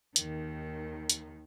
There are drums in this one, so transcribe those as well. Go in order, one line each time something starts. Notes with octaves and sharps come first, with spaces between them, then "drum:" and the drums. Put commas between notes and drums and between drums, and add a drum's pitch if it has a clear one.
D#2 D#3, drum: hi-hat
drum: hi-hat